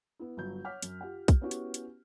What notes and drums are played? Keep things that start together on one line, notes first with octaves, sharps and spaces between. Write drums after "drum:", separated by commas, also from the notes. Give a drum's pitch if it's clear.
B3 E4
G1 F#3 G6
C#5 F#5 D6 F6 B6
F#2, drum: hi-hat
F4 G4 F#5
drum: kick, hi-hat
B3 C#4 E4 F#4 G4
drum: hi-hat
drum: hi-hat